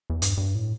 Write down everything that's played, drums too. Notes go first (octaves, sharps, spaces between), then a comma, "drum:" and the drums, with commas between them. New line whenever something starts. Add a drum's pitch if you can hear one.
E2
G2, drum: hi-hat
G2
A2